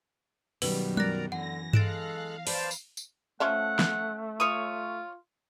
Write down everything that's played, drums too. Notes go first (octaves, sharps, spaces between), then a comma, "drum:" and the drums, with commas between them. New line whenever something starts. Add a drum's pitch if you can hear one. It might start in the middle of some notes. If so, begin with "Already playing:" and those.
F#2 B2 D#3 G3 B4, drum: open hi-hat
A#4 D5 A#5 F#6 A#6, drum: tom G3
D3 E3 F#5 A#6
G#3 A4 F5 F#6 A6 D7 E7, drum: tom G2
B4 C5 D5 A5, drum: open hi-hat
drum: tambourine
drum: tambourine
F3 A3 C#4 E5 F#5
drum: snare
F4 C#5 D#6